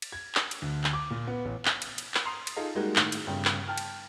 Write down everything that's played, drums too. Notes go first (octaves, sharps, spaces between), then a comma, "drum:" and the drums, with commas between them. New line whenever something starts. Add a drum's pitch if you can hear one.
drum: cymbal
G#6
drum: clap
drum: cymbal
D2
drum: clap
D6
A#2
B3
A1
drum: clap
drum: cymbal
drum: cymbal
drum: clap
A#5 C6 D#6 C7 F7
drum: cymbal
D#4 F4 G#4 A4 D#5 F5
G3 G#3 A#3 D#4 F#4 G#4
A2 D#3, drum: clap
drum: cymbal
G1 G2 C#3 G5
drum: clap
G5 A5 F6
drum: cymbal